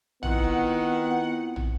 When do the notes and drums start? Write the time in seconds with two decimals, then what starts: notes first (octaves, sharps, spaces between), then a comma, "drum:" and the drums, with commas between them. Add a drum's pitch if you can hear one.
0.23 D#3 B3 C4 E4 F4 F#5, drum: tom
1.56 drum: tom